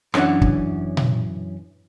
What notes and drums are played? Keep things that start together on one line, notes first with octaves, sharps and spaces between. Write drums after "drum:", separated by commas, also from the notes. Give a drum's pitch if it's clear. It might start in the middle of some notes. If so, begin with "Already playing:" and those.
F#2 E3 C#4 D4 F#5, drum: rim click
drum: kick
drum: tom A#2